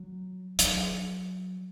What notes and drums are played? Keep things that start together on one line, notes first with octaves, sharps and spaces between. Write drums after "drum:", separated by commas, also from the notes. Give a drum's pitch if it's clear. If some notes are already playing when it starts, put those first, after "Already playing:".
Already playing: F#3
F#3, drum: hi-hat